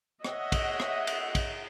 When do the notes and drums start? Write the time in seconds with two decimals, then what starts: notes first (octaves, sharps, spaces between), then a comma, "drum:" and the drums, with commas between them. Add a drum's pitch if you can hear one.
0.25 C#5 D#5 E5 F#5, drum: rim click
0.52 drum: kick, cymbal
0.80 drum: rim click
1.07 drum: cymbal
1.35 drum: kick, cymbal